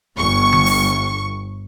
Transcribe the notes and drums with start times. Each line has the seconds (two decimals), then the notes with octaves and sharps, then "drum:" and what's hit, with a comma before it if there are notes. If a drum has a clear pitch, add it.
0.17 G1 C#6
0.52 drum: tom D3
0.66 drum: open hi-hat